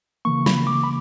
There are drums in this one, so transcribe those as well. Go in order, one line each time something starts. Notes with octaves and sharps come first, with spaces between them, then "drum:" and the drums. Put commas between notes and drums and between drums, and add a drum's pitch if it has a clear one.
C#3 E3 A#3 C#6
B5, drum: snare
D6
B5